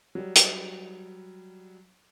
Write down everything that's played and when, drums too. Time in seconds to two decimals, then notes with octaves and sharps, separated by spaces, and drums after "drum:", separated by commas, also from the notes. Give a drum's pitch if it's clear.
0.15 F#3 G3
0.36 drum: hi-hat